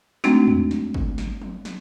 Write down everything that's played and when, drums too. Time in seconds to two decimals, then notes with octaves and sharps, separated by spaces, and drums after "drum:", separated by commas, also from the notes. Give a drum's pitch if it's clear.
0.24 G#3 A3 C4 D4 D#4 F#4, drum: snare
0.47 drum: tom
0.71 drum: snare
0.94 drum: kick
1.18 drum: snare
1.42 drum: tom
1.65 drum: snare